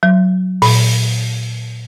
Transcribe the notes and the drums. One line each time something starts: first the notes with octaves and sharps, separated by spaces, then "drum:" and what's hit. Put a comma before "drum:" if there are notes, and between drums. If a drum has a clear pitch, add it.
F#3
A#2, drum: open hi-hat